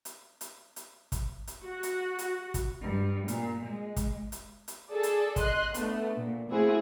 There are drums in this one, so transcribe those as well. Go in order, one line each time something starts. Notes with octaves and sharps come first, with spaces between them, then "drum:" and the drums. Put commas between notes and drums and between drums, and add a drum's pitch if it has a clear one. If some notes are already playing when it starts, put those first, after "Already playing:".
drum: hi-hat
drum: hi-hat
drum: hi-hat
drum: kick, hi-hat
drum: hi-hat
F#4
drum: hi-hat
drum: hi-hat
drum: kick, hi-hat
G2
A#2, drum: hi-hat
G#3
drum: kick, hi-hat
drum: hi-hat
drum: hi-hat
G#4 A4 D5
drum: hi-hat
D#5 C6 F#6, drum: kick, hi-hat
D3 A3 B3, drum: hi-hat
A#2
A3 A#3 C4 E4 F#4 G#4